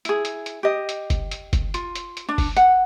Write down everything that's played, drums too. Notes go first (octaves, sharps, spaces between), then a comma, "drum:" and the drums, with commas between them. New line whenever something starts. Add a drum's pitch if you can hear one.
E4 G#4, drum: hi-hat
drum: hi-hat
drum: hi-hat
G4 D#5
drum: hi-hat
drum: kick F#1, hi-hat
drum: hi-hat
drum: kick F#1, hi-hat
F4, drum: hi-hat
drum: hi-hat
drum: hi-hat
D4
drum: kick F#1, open hi-hat
F#5, drum: hi-hat